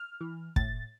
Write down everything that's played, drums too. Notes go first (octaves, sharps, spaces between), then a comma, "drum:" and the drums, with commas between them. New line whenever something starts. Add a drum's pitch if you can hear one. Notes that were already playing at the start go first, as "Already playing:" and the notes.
Already playing: F6
E3
A2 A6, drum: kick